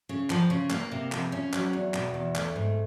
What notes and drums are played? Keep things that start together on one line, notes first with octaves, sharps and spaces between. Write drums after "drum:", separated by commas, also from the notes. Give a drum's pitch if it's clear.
C#3
F3, drum: clap
C#3
A#3, drum: clap
C3
F3, drum: clap
C#4
F#3, drum: clap
E2
B2, drum: clap
E2
A3, drum: clap
G#2